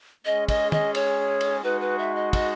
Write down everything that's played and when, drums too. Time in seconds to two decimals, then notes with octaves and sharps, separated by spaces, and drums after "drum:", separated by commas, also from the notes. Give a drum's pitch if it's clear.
0.25 G#3 C#4 G#4 D#5
0.48 D#5, drum: kick, cymbal
0.72 D#5, drum: tom
0.95 C#5, drum: cymbal
1.41 drum: cymbal
1.64 G#3 D#4 F#4 B4
1.81 B4
1.99 E5
2.15 D#5
2.33 D#5, drum: kick, cymbal